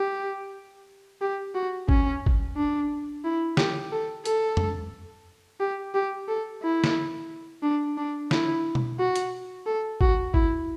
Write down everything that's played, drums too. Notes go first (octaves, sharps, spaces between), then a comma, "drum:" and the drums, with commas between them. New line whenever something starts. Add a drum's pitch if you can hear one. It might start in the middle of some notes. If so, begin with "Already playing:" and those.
Already playing: G4
G4
F#4
C#4, drum: kick G#1
drum: kick G#1
D4
E4
G4, drum: snare
A4
A4, drum: hi-hat
drum: tom
G4
G4
A4
E4
drum: snare
D4
D4
E4, drum: snare
drum: tom B2
F#4
drum: hi-hat
A4
F#4, drum: kick G#1
E4, drum: kick G#1